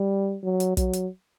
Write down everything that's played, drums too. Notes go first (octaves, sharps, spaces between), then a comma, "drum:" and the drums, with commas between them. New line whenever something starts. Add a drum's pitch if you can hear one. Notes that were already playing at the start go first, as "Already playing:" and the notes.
Already playing: G3
F#3
drum: hi-hat
F#3, drum: kick, hi-hat
drum: hi-hat